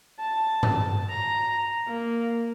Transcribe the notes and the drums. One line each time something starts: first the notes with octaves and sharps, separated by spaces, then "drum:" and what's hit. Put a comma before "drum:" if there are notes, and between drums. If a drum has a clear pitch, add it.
A5
drum: tom G2
A#5
A#3